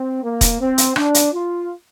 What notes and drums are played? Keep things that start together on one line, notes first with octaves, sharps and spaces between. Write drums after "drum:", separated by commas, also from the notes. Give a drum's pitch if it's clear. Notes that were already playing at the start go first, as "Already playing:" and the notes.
Already playing: C4
A#3
drum: kick E1, hi-hat
C4
drum: hi-hat
D4, drum: rim click
drum: hi-hat
F4